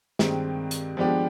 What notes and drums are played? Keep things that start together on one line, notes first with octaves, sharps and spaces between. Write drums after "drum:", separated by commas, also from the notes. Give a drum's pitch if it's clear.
G2 D#3 G#3 C4, drum: snare
drum: hi-hat
F3 G#3 B3 D4 G4